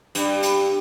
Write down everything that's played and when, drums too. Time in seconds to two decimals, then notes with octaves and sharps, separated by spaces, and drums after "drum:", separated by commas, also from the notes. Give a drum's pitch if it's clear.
0.15 G2, drum: hi-hat
0.43 drum: hi-hat